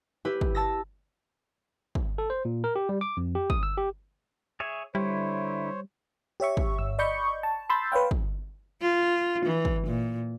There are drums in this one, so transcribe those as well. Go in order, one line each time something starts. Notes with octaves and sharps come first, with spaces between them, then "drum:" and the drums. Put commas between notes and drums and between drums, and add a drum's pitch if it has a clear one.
E4 G4 B4
drum: kick
A5 E6 A#6
drum: kick
A4
C5
A#2
A#4
G4
G3
D6
F2
G4
D#6, drum: kick
E6
G4
G#4 C#5 E5
D3 G3 E4 C5 C#5
G4 C#5 E5 C#6
drum: kick
G1 E6
D5 D#5 B5 C#6 G6 C#7
A5
B5 C6 E6 G6 A6
B4 C#5 F5 G5
drum: kick
F4
E3
drum: kick
A#2